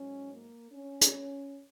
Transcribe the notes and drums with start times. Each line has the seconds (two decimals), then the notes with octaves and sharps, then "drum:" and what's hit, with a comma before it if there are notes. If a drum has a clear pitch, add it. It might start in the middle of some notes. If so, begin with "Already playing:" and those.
Already playing: G#2 F#3 C#4
0.32 A#3
0.73 C#4
1.01 drum: hi-hat